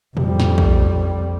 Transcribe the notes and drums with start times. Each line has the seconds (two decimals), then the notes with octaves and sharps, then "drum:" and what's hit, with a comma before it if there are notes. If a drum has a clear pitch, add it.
0.17 F2 G3, drum: tom
0.40 drum: snare
0.58 drum: kick